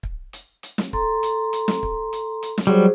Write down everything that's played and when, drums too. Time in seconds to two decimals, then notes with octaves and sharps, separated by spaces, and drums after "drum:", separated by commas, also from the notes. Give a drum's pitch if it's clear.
0.03 drum: kick
0.33 drum: hi-hat
0.63 drum: hi-hat
0.78 drum: snare
0.93 A4 A#5 C6, drum: kick
1.23 drum: hi-hat
1.53 drum: hi-hat
1.68 drum: snare
1.83 drum: kick
2.13 drum: hi-hat
2.43 drum: hi-hat
2.58 drum: snare
2.67 F#3 G3 G#4 C5